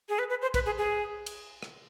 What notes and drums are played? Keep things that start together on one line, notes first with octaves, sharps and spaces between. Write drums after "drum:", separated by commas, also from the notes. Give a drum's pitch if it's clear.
G#4
B4
B4
C5
B4, drum: kick, cymbal
G#4
G#4
drum: cymbal
drum: rim click